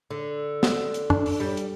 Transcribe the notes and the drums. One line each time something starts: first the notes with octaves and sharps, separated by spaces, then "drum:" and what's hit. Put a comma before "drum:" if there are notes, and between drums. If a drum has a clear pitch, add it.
D3
drum: snare
drum: hi-hat
D4, drum: tom F#2
drum: open hi-hat
G3
drum: hi-hat